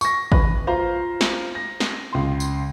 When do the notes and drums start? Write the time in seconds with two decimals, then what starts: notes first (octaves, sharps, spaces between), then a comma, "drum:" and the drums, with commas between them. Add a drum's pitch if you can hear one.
0.01 C#6 A#6, drum: tambourine
0.32 B4, drum: kick
0.67 F4 C5 F5 A#5
1.21 drum: snare
1.55 A#6
1.80 drum: snare
2.13 C#2 C6
2.40 drum: tambourine